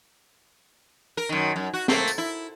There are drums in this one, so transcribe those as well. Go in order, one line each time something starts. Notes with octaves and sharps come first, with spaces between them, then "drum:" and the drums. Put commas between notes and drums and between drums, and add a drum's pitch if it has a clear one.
A#4
F#2 D#3
F#2
F#4
A3 A#3 C4, drum: snare
drum: tambourine
E4